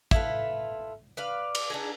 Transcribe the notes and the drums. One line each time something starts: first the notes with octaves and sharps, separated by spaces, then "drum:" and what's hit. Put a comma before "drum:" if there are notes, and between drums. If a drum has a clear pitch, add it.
E4 F4 A4 B4, drum: kick
B4 D5 F5
drum: cymbal
D4 D#4 G#4